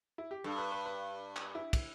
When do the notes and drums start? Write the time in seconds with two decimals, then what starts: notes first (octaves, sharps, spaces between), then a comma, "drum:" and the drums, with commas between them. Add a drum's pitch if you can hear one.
0.18 E4
0.31 G4
0.44 G2 A4
0.58 B4
0.72 B4
0.86 B4
1.36 drum: clap
1.55 E4
1.73 drum: kick, cymbal